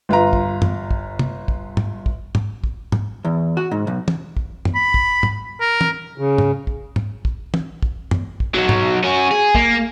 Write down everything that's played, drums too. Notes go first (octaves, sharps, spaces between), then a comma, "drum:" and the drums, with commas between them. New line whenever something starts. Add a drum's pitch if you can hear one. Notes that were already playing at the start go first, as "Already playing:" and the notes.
G1 F4 B4 A#5
drum: kick
drum: tom
drum: kick
drum: tom
drum: kick
drum: tom
drum: kick
drum: tom
drum: kick
drum: tom
E2
F#4
G#2
B1
drum: tom
drum: kick
drum: tom
B5
drum: kick
drum: tom
A#4
drum: tom
C#3
drum: tom
drum: kick
drum: tom
drum: kick
drum: tom
drum: kick
drum: tom
drum: kick
B1 F#3
drum: tom
C#4 F#4
G#4
A#3, drum: kick